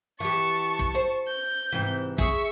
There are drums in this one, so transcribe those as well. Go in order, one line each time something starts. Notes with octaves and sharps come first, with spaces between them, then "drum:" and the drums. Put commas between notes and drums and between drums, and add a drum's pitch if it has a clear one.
E3 G4 A5 C#6
drum: kick
C5
G6
G#2 C3 E3
G#4 E5 C#6, drum: kick